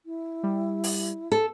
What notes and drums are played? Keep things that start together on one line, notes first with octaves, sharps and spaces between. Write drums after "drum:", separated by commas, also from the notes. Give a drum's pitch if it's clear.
E4
G3
drum: open hi-hat
A4